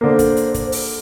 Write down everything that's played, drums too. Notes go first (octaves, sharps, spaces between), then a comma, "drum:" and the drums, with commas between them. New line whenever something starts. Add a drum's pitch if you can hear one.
D3 A#3 C5
drum: kick, hi-hat
drum: hi-hat
drum: kick, hi-hat
drum: open hi-hat